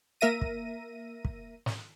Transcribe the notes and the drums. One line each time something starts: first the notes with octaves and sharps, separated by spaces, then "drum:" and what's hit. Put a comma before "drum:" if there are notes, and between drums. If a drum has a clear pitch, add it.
A#3 A#4 E5 A#6 D#7
drum: kick
drum: kick
drum: snare